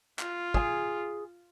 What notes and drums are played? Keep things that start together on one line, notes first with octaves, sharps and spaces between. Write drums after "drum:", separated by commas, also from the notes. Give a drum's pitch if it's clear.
F4, drum: clap
G#4 G#5, drum: kick